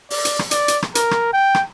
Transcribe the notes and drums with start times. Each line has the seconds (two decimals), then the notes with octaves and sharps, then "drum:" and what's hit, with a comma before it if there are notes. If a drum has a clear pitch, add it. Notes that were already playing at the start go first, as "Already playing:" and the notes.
0.10 D5, drum: open hi-hat
0.25 drum: hi-hat
0.39 drum: rim click
0.51 D5, drum: hi-hat
0.68 drum: hi-hat
0.82 drum: rim click
0.95 A#4, drum: hi-hat
1.11 drum: rim click
1.33 G5
1.55 drum: rim click